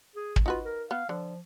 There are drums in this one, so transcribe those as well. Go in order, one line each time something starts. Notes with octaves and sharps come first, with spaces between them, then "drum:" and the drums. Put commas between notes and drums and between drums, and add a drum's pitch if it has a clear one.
G#4
drum: kick
D#4 F4 F#4 B4
A#4
B3 F5
D3 F3